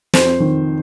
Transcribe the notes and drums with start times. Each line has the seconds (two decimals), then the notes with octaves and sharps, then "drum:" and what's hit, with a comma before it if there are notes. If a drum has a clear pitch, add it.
0.14 F2 C5, drum: snare
0.40 D#3